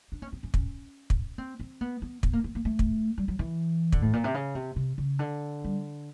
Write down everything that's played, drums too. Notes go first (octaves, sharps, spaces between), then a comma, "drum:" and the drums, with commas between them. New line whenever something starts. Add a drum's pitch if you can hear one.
D4
C#4
C4
C#4
C#4, drum: kick
drum: kick
C4
C4
B3
B3
B3, drum: kick
A#3
A#3
A#3
A3
drum: kick
G3
F#3
E3
D3, drum: kick
A2
A#2
C3
C#3
C3
C3
C#3
D3
G3